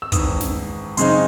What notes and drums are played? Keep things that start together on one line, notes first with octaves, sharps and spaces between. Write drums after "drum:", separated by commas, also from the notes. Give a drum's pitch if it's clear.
E6
G#1 G#2 E3 D#6, drum: kick, hi-hat
drum: snare
F#2 C#3 G#3 C4 D#4 C6, drum: hi-hat